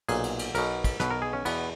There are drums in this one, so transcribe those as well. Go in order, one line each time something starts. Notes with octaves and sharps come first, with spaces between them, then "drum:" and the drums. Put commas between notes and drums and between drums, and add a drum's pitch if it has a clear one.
B1 A#2 G#4, drum: cymbal
drum: cymbal
drum: cymbal
B1 B2 A#4, drum: cymbal
drum: kick, cymbal
B1 B2 B4, drum: snare
A#4
G#4
C#4
E2 B2 B3, drum: cymbal